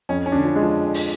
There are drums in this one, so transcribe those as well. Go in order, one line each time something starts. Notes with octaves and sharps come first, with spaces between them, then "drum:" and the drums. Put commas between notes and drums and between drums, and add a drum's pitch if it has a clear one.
F2 C#4
C#4
D3 D4
F3
G#3
F3
drum: open hi-hat